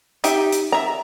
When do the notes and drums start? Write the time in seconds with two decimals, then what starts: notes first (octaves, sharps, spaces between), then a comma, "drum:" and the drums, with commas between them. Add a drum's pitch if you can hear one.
0.24 D#4 G4 E5, drum: hi-hat
0.52 drum: hi-hat
0.72 E5 A#5